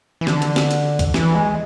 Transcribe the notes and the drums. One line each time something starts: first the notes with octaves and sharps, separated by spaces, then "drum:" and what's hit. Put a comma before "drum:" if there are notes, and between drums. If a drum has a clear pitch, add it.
E3
D3, drum: snare
drum: hi-hat
drum: snare
drum: hi-hat
drum: kick C2, hi-hat
E3, drum: snare
G#3